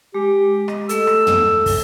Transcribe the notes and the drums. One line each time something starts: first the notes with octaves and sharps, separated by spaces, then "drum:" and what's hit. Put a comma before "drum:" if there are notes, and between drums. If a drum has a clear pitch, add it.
G#3 G4
D#5, drum: rim click
A3 A4 E6, drum: hi-hat
drum: rim click
drum: tom
drum: kick, open hi-hat